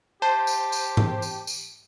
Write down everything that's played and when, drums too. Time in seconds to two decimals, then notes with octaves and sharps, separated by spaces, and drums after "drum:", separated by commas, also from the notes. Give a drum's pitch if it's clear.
0.22 G4 C5 A5
0.47 drum: tambourine
0.72 drum: tambourine
0.97 drum: tom G#2
1.22 drum: tambourine
1.47 drum: tambourine